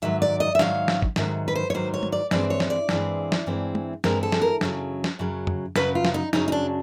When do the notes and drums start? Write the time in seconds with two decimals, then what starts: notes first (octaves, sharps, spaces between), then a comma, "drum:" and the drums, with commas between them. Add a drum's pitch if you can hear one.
0.02 G#2 D#3 F#3 E5
0.22 D5
0.40 D#5
0.55 E5
0.59 G#2 D#3 F#3 F5, drum: snare
0.88 drum: snare
1.02 drum: kick
1.16 G#2 D#3 F#3 E5, drum: snare
1.48 B4
1.55 C5
1.70 C#5
1.74 G#2 D#3 F#3 C5
1.94 C#5
2.03 drum: tom
2.12 D5
2.31 G2 E3 G#3 C4 D5, drum: snare
2.50 C#5
2.60 drum: snare
2.70 D5
2.89 G2 E3 G#3 C4, drum: snare
3.32 drum: snare
3.46 G2 E3 G#3 C4
3.75 drum: tom
4.04 G2 E3 G#3 C4 A#4, drum: snare
4.23 A4
4.32 drum: snare
4.42 A#4
4.61 F#2 C#3 F#3, drum: snare
5.04 drum: snare
5.19 F#2 C#3 F#3
5.47 drum: tom F2
5.76 F#2 C#3 F#3 B4, drum: snare
5.95 F4
6.05 drum: snare
6.14 D#4
6.33 F#2 C#3 F#3 D#4, drum: snare
6.48 D#4
6.52 D4